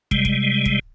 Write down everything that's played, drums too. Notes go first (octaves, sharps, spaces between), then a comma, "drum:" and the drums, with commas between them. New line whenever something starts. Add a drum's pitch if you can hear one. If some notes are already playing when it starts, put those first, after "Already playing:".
C3 G3 G#3, drum: kick
drum: kick
drum: kick